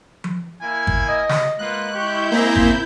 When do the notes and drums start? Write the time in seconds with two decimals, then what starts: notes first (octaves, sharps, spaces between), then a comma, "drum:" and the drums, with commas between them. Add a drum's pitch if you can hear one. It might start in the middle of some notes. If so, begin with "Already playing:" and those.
0.24 drum: tom F3
0.60 A#3 E4 G#5
0.87 drum: kick
1.08 D#5
1.29 drum: snare
1.59 G#3 A#3 B3 F4 F#6
1.91 E4 G4 C#6 G6
2.31 A#3 C4 G#4 A#5 B6
2.56 drum: kick